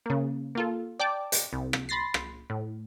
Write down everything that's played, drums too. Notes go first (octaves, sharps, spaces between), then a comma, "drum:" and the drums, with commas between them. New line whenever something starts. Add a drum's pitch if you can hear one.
C#3 A#3
A#3 F4 A4
D5 G5 A5 D6
drum: hi-hat
C2
drum: rim click
B5 C6 A6 A#6 C7
drum: rim click
A2